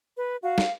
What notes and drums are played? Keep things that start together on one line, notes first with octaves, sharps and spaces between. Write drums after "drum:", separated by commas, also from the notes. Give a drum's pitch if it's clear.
B4
F#4 F5
drum: snare